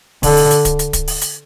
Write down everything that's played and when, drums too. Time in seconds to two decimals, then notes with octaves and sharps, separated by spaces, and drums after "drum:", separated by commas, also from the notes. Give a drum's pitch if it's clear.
0.23 D3, drum: kick D1, open hi-hat
0.37 drum: open hi-hat
0.51 drum: hi-hat
0.65 drum: kick D1, hi-hat
0.79 drum: hi-hat
0.93 drum: kick D1, hi-hat
1.08 drum: open hi-hat
1.22 drum: hi-hat